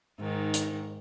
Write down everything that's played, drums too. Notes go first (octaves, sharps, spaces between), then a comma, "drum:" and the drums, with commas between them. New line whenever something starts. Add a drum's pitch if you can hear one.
G#2 D#3
drum: hi-hat